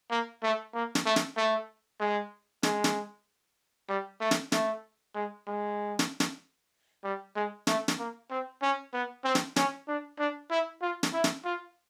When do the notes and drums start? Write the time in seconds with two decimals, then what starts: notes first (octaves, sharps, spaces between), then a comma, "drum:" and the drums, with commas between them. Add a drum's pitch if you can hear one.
0.11 A#3
0.43 A3
0.74 A#3
0.95 drum: snare
1.05 A3
1.16 drum: snare
1.37 A3
2.00 G#3
2.63 G#3, drum: snare
2.84 drum: snare
3.89 G3
4.20 A3
4.31 drum: snare
4.52 A3, drum: snare
5.15 G#3
5.47 G#3
5.99 drum: snare
6.20 drum: snare
7.04 G3
7.36 G#3
7.67 A3, drum: snare
7.88 drum: snare
7.99 A#3
8.30 C4
8.62 C#4
8.93 B3
9.24 C4
9.35 drum: snare
9.56 C#4, drum: snare
9.88 D4
10.19 D4
10.50 E4
10.82 F4
11.03 drum: snare
11.13 E4
11.24 drum: snare
11.45 F4